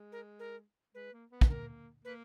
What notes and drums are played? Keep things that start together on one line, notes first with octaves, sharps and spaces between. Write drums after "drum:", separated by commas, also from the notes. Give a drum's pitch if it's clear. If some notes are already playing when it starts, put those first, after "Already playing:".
Already playing: G#3
A#4
A#4
G#3 B4
A#3
B3
B4, drum: kick
A#3 A#4
A#3 B4